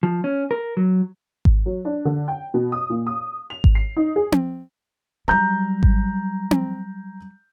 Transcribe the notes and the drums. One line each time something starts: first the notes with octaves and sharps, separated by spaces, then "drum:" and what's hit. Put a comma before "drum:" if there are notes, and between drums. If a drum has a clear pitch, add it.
F3
C#4
A#4
F#3
drum: kick G#1
F#3
D4
D3
G5
B2
D#6
A#2
D#6
F7
drum: kick G#1
C7
D#4
G#4
drum: tom C4
F#3 G3 A#5 G6
drum: kick G#1
drum: tom C4